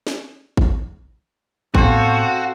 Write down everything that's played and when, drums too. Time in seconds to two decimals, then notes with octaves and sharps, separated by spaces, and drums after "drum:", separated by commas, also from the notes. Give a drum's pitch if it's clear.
0.07 drum: snare
0.57 drum: kick G#1
1.75 A2 B3 C4 F#4 A4 C5 F5, drum: kick G#1